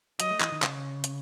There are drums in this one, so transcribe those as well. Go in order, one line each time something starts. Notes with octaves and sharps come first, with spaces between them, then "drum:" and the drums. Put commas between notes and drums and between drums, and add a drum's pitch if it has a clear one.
F#3 D#5, drum: hi-hat
A3
E3, drum: clap
D#3
C#3, drum: clap
drum: hi-hat